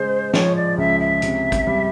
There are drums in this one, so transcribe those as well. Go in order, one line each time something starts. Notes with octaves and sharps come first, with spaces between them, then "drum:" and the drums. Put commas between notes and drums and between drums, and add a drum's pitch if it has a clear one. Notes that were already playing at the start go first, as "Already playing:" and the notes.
Already playing: C#3 G#3 C5
F3 C#5, drum: snare
D5
C#2 E5
E5
C3, drum: hi-hat
drum: kick, hi-hat
G3